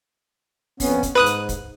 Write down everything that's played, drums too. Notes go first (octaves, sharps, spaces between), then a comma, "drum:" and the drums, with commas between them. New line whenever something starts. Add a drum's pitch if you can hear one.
F2 B3 C#4, drum: kick, open hi-hat
drum: kick, hi-hat
G#2 B4 D#6 F#6
drum: hi-hat
drum: kick, hi-hat